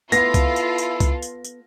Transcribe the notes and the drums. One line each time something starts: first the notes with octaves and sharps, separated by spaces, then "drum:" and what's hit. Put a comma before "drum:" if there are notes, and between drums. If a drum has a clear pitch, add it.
B3 E4 F4 A4 A#6, drum: tambourine
drum: kick C2, tambourine
drum: tambourine
drum: tambourine
drum: kick C2, tambourine
drum: tambourine
drum: tambourine